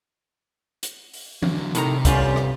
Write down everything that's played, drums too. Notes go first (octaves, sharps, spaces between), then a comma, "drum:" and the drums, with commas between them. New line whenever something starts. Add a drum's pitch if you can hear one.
drum: hi-hat
drum: open hi-hat
D3 F#3, drum: tom E3
A2 C3 D#3 A#5, drum: hi-hat
G1 G3 C#4 F4, drum: kick, hi-hat
drum: rim click